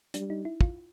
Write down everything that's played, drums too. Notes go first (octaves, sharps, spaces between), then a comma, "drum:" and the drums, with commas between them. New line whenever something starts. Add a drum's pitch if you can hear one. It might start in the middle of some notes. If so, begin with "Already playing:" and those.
G3 D4, drum: hi-hat
D#4
E4
F4, drum: kick